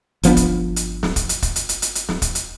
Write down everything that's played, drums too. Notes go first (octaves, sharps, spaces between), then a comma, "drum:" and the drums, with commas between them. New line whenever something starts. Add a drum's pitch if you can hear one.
G1 F3 B3 D4, drum: hi-hat
drum: kick, hi-hat
drum: hi-hat
drum: snare
drum: kick, hi-hat
drum: hi-hat
drum: kick, hi-hat
drum: hi-hat
drum: hi-hat
drum: hi-hat
drum: hi-hat
drum: snare
drum: kick, hi-hat
drum: hi-hat